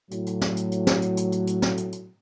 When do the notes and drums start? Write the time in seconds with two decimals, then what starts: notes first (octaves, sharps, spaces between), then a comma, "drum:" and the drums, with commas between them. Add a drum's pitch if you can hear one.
0.11 A2 F#3, drum: hi-hat
0.26 drum: hi-hat
0.41 drum: snare
0.57 drum: hi-hat
0.72 drum: hi-hat
0.87 drum: snare
1.02 drum: hi-hat
1.17 drum: hi-hat
1.32 drum: hi-hat
1.47 drum: hi-hat
1.62 drum: snare
1.77 drum: hi-hat
1.92 drum: hi-hat